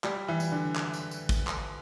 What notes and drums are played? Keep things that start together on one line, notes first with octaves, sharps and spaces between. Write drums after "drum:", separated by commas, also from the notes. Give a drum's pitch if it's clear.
G3, drum: clap
E3
drum: tambourine
D3
drum: clap
drum: tambourine
drum: tambourine
drum: kick, tambourine
drum: clap